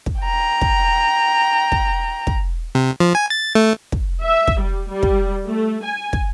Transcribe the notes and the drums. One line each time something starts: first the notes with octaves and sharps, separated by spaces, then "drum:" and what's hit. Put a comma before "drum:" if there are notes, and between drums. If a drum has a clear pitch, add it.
drum: kick
G5 A#5
drum: kick
drum: kick
drum: kick
C3
F3
G#5
A6
A3
drum: kick
E5
drum: kick
G3
G3
drum: kick
A3
G#5
drum: kick